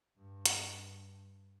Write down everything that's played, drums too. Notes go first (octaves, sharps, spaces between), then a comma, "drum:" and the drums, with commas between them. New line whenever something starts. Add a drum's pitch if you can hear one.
G2
drum: hi-hat